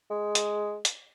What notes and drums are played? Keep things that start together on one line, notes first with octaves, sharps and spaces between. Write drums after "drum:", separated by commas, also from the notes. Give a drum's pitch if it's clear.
G#3
drum: hi-hat
drum: hi-hat